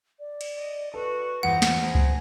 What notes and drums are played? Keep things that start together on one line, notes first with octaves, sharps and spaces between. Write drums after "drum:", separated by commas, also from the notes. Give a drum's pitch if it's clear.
D5
drum: cymbal
D#5
F#4 A4 B4
E2 F3 C4 D#4 F#5 A#6
drum: snare
G#4 C5 A#5
drum: kick C#2